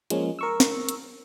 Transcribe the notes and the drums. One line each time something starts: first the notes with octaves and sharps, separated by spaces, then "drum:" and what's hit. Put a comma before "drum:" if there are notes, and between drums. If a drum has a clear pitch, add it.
F3 G#3 A#3 C#4, drum: hi-hat
A#4 C#6 E6
drum: snare
drum: hi-hat